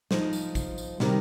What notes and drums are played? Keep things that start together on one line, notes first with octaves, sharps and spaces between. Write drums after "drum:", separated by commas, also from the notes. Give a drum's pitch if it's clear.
F3 D#4 C5, drum: snare
drum: tambourine
drum: kick A1, tambourine
drum: tambourine
C3 D#3 G3 D#4 A#4, drum: snare